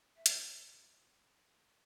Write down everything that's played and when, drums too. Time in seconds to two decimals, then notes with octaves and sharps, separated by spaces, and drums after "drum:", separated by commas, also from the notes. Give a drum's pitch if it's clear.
0.17 E5
0.26 drum: hi-hat